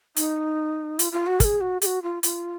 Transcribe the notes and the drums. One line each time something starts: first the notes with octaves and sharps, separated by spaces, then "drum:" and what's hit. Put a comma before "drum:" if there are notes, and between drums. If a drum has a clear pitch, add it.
D#4, drum: hi-hat
F4, drum: hi-hat
F4
F#4
A#4, drum: kick, hi-hat
G#4
F#4
G#4, drum: hi-hat
F#4
F4
F4, drum: hi-hat